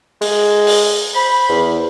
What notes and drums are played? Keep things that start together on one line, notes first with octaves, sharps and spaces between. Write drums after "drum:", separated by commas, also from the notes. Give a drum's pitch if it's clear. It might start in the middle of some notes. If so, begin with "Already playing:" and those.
G#3, drum: open hi-hat
drum: open hi-hat
C5 B5
E2